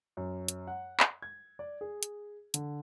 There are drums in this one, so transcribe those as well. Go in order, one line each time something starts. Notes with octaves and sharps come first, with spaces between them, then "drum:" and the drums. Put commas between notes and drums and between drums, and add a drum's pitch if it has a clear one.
F#2
drum: hi-hat
F#5
drum: clap
G#6
D5
G#4
drum: hi-hat
D3, drum: hi-hat